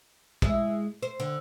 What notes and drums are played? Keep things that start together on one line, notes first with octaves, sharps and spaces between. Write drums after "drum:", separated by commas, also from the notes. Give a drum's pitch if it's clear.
G#3 E4, drum: kick
C5
D3